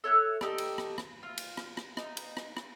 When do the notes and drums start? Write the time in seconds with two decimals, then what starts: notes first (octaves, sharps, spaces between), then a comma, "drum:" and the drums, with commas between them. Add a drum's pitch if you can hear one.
0.04 A4 C#5 E5 F#6
0.41 D#4 G4 A4 D5, drum: rim click
0.58 drum: cymbal
0.78 drum: rim click
0.98 drum: rim click
1.23 F4
1.38 drum: cymbal
1.57 drum: rim click
1.77 drum: rim click
1.97 D#4, drum: rim click
2.17 drum: cymbal
2.37 drum: rim click
2.57 drum: rim click